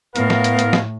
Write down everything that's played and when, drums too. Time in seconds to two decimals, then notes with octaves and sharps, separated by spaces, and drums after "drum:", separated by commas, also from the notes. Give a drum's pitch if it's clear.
0.16 A2 B3 A#4 F5, drum: hi-hat
0.30 drum: snare
0.44 drum: hi-hat
0.59 drum: hi-hat
0.73 drum: snare